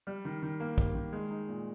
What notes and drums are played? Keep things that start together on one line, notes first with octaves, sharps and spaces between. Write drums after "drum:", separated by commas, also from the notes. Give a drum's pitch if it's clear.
G3
D#3
D#3
A#3
G3, drum: kick
D#3
G#3
D#4
A#2